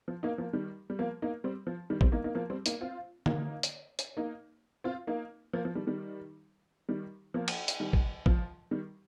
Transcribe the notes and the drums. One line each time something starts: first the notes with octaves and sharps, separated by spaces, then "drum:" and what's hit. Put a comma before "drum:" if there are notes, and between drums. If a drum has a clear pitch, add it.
F3
A#3 D#4
F3 A#3
D#3 G3
G3
F3 A#3
A#3 D#4
G3 C4
F3
D#3 G3
G3 C4, drum: kick
A#3 D#4
A#3 D#4
F3 A#3
G3 C4
A#3 D#4, drum: hi-hat
C4 F4
A#3 D#4, drum: tom D3
drum: hi-hat
drum: hi-hat
A#3 D#4
C4 F4
A#3 D#4
F3 A#3
F3
D#3 G3
D#3 G3
D#3 G3
F3 A#3
drum: cymbal
drum: hi-hat
D#3 G3
drum: kick
F3, drum: kick
D#3 G3